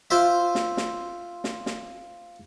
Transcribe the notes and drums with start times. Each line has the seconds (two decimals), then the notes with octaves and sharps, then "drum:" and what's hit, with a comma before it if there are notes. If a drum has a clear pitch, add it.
0.11 F4 C5 E5
0.55 drum: snare
0.77 drum: snare
1.44 drum: snare
1.66 drum: snare